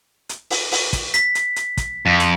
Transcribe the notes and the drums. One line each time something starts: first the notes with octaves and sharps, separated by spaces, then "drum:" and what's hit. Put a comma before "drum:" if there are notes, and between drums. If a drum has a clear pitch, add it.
drum: hi-hat
drum: open hi-hat
drum: open hi-hat
drum: kick, hi-hat
B6, drum: hi-hat
drum: hi-hat
drum: hi-hat
drum: kick, hi-hat
F2
drum: hi-hat